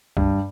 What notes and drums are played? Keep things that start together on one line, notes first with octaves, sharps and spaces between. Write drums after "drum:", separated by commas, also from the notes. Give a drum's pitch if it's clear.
G2, drum: kick C2